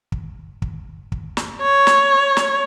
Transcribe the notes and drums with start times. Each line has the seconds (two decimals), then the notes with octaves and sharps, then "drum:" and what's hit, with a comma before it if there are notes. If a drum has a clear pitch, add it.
0.12 drum: kick
0.62 drum: kick
1.12 drum: kick
1.37 drum: snare
1.62 C#5
1.87 drum: snare
2.37 drum: snare